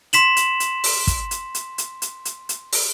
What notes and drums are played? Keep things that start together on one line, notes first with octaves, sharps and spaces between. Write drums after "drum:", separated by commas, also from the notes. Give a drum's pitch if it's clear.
C6 B6 E7 F#7, drum: hi-hat
drum: hi-hat
drum: hi-hat
drum: open hi-hat
drum: kick, hi-hat
drum: hi-hat
drum: hi-hat
drum: hi-hat
drum: hi-hat
drum: hi-hat
drum: hi-hat
drum: open hi-hat